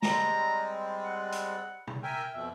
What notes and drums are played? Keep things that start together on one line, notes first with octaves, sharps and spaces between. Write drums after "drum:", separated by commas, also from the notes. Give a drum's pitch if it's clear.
G3 G#3 C4 A#5, drum: snare A3
F#5
drum: hi-hat
drum: tom B2
A#4 E5 G5 G#5
F2 B2 E5